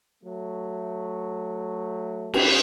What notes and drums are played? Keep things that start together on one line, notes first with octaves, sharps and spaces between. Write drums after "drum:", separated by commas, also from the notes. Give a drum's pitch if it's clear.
F#3 A3
drum: cymbal